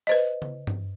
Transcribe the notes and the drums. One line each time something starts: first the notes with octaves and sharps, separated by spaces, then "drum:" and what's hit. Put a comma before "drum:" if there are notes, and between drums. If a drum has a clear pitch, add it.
B4 C5 D#5
drum: tom C#3
drum: tom G2